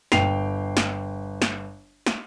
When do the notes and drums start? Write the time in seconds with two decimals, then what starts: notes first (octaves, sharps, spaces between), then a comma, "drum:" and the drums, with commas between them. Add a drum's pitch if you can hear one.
0.12 G1 G5 C7 F7, drum: snare
0.77 drum: snare
1.42 drum: snare
2.06 drum: snare